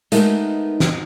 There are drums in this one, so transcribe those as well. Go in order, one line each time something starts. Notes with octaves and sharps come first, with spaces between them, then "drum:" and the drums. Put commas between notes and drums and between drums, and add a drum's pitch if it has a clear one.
G#3 A3 B3 D#4 A#4, drum: hi-hat
drum: snare